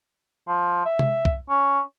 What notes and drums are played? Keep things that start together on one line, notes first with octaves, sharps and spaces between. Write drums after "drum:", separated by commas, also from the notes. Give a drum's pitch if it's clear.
F3
E5
drum: tom C3
drum: kick
C#4